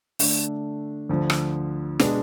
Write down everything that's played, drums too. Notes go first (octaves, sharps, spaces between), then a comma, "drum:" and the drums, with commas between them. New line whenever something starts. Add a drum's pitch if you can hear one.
D3 A3 D4, drum: open hi-hat
D2 D3 F3
drum: rim click
B2 G#3 B3 D4, drum: snare